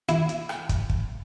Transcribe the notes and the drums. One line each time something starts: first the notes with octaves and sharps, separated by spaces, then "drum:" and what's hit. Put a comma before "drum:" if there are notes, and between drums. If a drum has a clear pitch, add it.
E4, drum: hi-hat
drum: hi-hat
drum: rim click
drum: kick, hi-hat
drum: kick